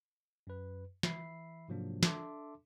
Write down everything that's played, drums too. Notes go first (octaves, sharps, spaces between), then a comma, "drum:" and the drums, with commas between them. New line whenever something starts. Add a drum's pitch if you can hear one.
F#2 B4
E3 E5 B5 C7, drum: snare
G#2 C3 F3 F#3 A#3 D4
D4 A4 E5 A5 C6 D6, drum: snare